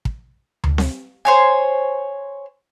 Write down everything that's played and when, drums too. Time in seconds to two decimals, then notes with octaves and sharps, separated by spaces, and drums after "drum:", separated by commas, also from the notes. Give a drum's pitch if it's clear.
0.05 drum: kick
0.64 drum: tom D2
0.78 drum: snare C4
1.25 C5 C#5 G#5